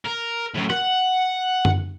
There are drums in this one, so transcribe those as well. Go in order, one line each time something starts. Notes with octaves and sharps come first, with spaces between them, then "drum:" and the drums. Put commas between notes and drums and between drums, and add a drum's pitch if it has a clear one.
A#4
F#2 A2
F#5, drum: rim click
drum: tom F#2